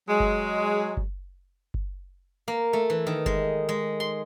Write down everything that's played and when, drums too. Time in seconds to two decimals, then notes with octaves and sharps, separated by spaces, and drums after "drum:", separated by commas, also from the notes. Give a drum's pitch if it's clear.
0.08 F#3 G#3
0.20 drum: kick F#1
0.97 drum: kick F#1
1.74 drum: kick F#1
2.48 A#3
2.73 A3
2.90 E3
3.07 D#3
3.26 G#3, drum: kick F#1
3.69 G#3
4.00 C6